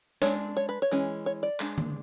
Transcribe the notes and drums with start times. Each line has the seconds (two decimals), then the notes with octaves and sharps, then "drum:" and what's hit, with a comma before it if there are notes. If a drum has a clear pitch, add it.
0.22 G#3 D4 C#5, drum: snare
0.57 C#5
0.69 B4
0.82 C#5
0.91 E3 G#3 C#4
1.26 C#5
1.43 D5
1.60 G#3 D4, drum: clap
1.78 drum: tom D3